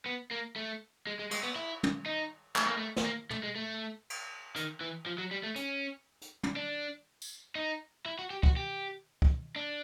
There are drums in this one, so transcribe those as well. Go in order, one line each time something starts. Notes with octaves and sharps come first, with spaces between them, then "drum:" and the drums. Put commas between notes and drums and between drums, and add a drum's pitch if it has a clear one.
B3
A#3
A3
G#3
G#3
G#3, drum: cymbal
B3
E4
drum: tom
D#4
A3, drum: clap
A#3
A3
drum: snare
A#3
A3, drum: tom
G#3
A3
drum: cymbal
D#3, drum: hi-hat
E3
F3
F#3
G3
A3
C#4, drum: hi-hat
drum: hi-hat
drum: tom
D4
drum: tambourine
D#4
E4
F#4
G4
F#4, drum: kick
G4
drum: kick
D4